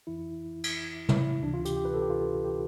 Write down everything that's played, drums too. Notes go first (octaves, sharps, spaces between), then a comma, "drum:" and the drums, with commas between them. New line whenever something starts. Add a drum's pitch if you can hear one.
F2 E3 E4
drum: cymbal
E4, drum: tom
D2 C3 E3 D4
F4
G4, drum: hi-hat
G4
B4
A4
G4
F4
G4